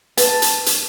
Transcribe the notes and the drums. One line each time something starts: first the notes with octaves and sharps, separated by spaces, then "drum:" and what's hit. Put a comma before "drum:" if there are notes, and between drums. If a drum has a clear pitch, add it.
B4 A5, drum: hi-hat
drum: hi-hat
drum: hi-hat